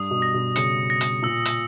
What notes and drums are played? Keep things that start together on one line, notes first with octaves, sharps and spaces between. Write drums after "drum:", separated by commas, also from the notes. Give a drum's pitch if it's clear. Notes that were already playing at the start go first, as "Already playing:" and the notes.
Already playing: G2 D#6
B2
A#6
B2
C#3 C#7, drum: hi-hat
A#6
drum: hi-hat
A#2 E6
drum: hi-hat